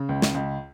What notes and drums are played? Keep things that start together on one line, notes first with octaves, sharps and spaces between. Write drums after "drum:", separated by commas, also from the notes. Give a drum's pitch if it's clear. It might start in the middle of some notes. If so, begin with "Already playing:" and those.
Already playing: C#3
C#2
drum: snare
C#2